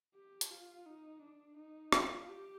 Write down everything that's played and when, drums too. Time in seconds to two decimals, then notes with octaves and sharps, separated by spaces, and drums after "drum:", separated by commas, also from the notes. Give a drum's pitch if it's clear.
0.15 G4
0.41 drum: hi-hat
0.51 F4
0.86 D#4
1.22 D4
1.57 D#4
1.92 F4, drum: rim click
2.29 G4